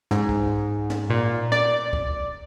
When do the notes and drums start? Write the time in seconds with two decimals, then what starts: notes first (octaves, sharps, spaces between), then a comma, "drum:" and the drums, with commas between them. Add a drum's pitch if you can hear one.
0.11 G#2, drum: snare
0.29 drum: kick C2
0.90 drum: snare
1.10 A#2
1.52 D5, drum: snare
1.93 drum: kick C2